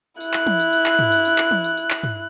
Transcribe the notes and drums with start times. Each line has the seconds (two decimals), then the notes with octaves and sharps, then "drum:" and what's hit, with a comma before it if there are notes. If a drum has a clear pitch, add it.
0.20 E4 F#6, drum: tambourine
0.34 drum: clap
0.47 drum: tom
0.60 drum: tambourine
0.73 drum: tambourine
0.86 drum: clap
0.99 drum: tom
1.12 drum: tambourine
1.25 drum: tambourine
1.38 drum: clap
1.51 drum: tom
1.64 drum: tambourine
1.77 drum: tambourine
1.90 drum: clap
2.03 drum: tom